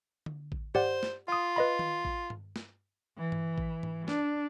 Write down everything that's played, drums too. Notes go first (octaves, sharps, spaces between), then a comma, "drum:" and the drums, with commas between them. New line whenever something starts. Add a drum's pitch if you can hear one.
drum: tom D3
drum: kick A1
G4 C5 D5 F#5, drum: tom G2
drum: snare
F4 F5 D#6
B4 D#5 B5
drum: tom D#3
drum: kick A1
drum: tom G2
drum: snare
E3
drum: tom G2
drum: kick A1
drum: tom G#2
D4, drum: snare